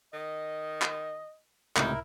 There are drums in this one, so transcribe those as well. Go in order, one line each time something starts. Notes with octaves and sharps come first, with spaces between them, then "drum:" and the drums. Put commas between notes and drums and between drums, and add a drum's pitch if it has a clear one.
D#3 D#5
drum: clap
C#2 A2 C3 D#4 E4 A#4, drum: clap